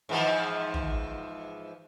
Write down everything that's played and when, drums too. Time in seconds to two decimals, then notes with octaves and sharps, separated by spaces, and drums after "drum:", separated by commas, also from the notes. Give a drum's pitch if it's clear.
0.09 G#2 E3 F3
0.74 drum: tom